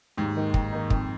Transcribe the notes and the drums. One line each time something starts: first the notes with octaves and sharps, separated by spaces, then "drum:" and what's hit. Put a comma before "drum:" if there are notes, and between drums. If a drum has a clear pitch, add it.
D#2 G#2
D#3 A#3 D#4
D#2, drum: kick
D#3 A#3 D#4
F2, drum: kick